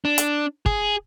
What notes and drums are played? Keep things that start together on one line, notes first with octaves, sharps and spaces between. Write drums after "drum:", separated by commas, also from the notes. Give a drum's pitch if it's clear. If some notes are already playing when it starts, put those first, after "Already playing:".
D4
drum: hi-hat
G#4, drum: kick